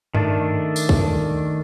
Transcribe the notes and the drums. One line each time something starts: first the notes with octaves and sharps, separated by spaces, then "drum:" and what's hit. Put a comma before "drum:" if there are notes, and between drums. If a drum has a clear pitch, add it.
D#3 A3 D4, drum: tom G2
drum: tambourine
drum: kick